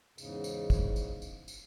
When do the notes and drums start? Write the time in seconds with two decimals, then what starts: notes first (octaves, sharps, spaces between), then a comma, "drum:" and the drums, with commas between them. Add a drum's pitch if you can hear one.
0.18 E2 G#2 C#3, drum: tambourine
0.44 drum: tambourine
0.70 drum: kick, tambourine
0.96 drum: tambourine
1.22 drum: tambourine
1.48 drum: tambourine